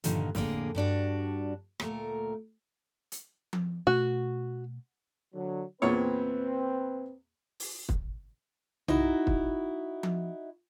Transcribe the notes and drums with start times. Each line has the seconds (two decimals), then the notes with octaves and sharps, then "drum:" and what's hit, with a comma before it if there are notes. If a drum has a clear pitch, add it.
0.04 G2 A#2 D3 D#3 F3, drum: hi-hat
0.35 F2 A2 D3 A#3 G#4, drum: snare
0.75 G2 G3 D4 F#4
1.80 D2 A#2 A3 A#4, drum: rim click
3.12 drum: hi-hat
3.53 drum: tom F3
3.87 B2 A3 F#4
5.34 D3 F#3
5.82 E2 A#2 C4 B4 C#5
7.60 drum: open hi-hat
7.89 drum: kick
8.88 D#4 E4 F#4, drum: tom B1
9.27 drum: kick
10.03 drum: tom F3